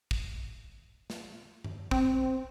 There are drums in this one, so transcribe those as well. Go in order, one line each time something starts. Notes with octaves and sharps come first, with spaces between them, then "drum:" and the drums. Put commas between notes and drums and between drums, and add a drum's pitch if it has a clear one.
drum: kick
drum: snare
drum: tom G2
C4, drum: kick